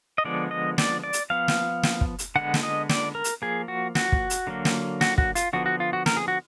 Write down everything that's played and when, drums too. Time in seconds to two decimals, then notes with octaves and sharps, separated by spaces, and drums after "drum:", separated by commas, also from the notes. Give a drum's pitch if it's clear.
0.18 D#5
0.25 D3 F3 G#3 B3 D5
0.51 D#5
0.78 D5, drum: snare
1.04 D5
1.13 drum: hi-hat
1.30 F3 B3 F5
1.48 drum: snare
1.83 drum: snare
2.01 drum: kick
2.19 drum: hi-hat
2.36 D3 G#3 B3 F#5
2.54 drum: snare
2.63 D#5
2.89 D5, drum: snare
3.15 A#4
3.24 drum: hi-hat
3.42 F3 A#3 G#4
3.68 F#4
3.95 F#4, drum: snare
4.12 drum: kick
4.30 drum: hi-hat
4.47 D3 F#3 A#3
4.65 drum: snare
5.01 F#4, drum: snare
5.18 F#4, drum: kick
5.35 F4, drum: hi-hat
5.53 D3 F3 B3 F#4
5.66 F#4
5.80 F4
5.93 F#4
6.06 A#4, drum: snare
6.17 G#4
6.28 F#4